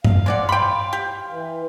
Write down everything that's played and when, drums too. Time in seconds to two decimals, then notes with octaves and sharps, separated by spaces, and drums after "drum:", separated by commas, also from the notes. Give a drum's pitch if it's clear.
0.04 F5, drum: tom G2
0.26 G#3 D5 F#5
0.49 G5 B5 C6
0.93 G4
1.29 E3